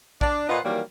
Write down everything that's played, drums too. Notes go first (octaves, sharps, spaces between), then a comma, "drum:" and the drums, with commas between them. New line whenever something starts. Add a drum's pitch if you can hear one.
D4, drum: kick
A#2 F4 B4 C5 D#5 F#5
D#3 E3 F#3 G3 A#3 A#4